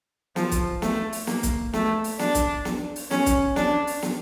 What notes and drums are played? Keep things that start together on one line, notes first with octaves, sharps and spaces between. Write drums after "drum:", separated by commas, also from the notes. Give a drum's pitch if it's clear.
F3, drum: snare
drum: kick, hi-hat
A3, drum: snare
drum: open hi-hat
A#3, drum: snare
drum: kick, hi-hat
A3, drum: snare
drum: open hi-hat
D4, drum: snare
drum: kick, hi-hat
drum: snare
drum: open hi-hat
C#4, drum: snare
drum: kick, hi-hat
D4, drum: snare
drum: open hi-hat
drum: snare